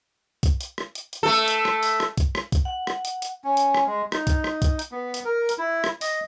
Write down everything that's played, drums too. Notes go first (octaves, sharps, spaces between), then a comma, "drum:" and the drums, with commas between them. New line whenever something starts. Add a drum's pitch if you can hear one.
drum: kick, hi-hat
drum: hi-hat
drum: rim click
drum: hi-hat
drum: hi-hat
A3 A4
drum: hi-hat
drum: rim click
drum: open hi-hat
drum: rim click
drum: kick, hi-hat
drum: rim click
drum: kick, hi-hat
F#5
drum: rim click
drum: hi-hat
drum: hi-hat
C#4
drum: hi-hat
drum: rim click
G#3
D#4, drum: rim click
drum: kick, hi-hat
drum: rim click
drum: kick, hi-hat
drum: hi-hat
B3
drum: hi-hat
A#4
drum: hi-hat
E4
drum: rim click
D#5, drum: open hi-hat